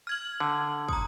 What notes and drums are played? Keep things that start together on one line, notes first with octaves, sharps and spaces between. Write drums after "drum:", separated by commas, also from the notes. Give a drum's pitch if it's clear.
F6 G#6 F#7
D3
A#5 D#6, drum: kick